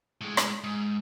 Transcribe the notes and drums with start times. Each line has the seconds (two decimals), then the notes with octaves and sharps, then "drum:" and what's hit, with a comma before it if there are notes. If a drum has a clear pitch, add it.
0.21 A2 G#3
0.37 drum: rim click
0.64 G#2